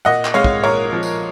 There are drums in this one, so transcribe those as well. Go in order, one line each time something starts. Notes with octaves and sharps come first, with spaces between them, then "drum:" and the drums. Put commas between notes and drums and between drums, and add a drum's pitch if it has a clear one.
A#2 D#5 F#5
drum: clap
G#3 C#5 F5
drum: kick
A#2 A#4 C#5
F3
drum: tambourine